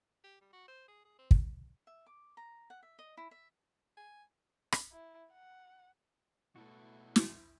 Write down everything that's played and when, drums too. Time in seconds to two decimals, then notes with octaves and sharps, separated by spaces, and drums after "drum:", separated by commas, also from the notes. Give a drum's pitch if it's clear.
0.23 G4
0.41 G3
0.53 F#4
0.68 C5
0.88 G#4
1.05 G#4
1.19 C4
1.31 drum: kick
1.87 E5
2.06 D6
2.37 A#5
2.70 F#5
2.83 E5
2.99 D#5
3.17 E4
3.31 E5
3.97 G#5
4.72 drum: rim click
4.92 E4
5.33 F#5
6.56 B2 A3 E4 F#4 A4 B4
7.16 drum: snare